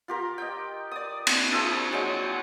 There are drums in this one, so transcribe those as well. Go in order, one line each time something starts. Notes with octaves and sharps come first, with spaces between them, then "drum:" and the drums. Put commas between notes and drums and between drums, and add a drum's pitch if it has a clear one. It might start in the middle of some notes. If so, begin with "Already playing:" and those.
F4 G4 A#4
D#5 G5
D5 D#6
G#5, drum: cymbal
F3 G#4 E5 A5
F#3 G#3 G5